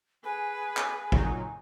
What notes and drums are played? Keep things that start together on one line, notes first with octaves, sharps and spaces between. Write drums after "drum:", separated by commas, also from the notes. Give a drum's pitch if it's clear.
G#4 B4 G#5
drum: clap
A#2 F#3 D#4, drum: kick